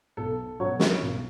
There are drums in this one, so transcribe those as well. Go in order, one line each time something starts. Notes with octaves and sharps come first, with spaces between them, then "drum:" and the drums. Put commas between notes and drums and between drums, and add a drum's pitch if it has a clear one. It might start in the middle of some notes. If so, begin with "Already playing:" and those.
B1 A4
B2 F#3 C#5
drum: snare
B1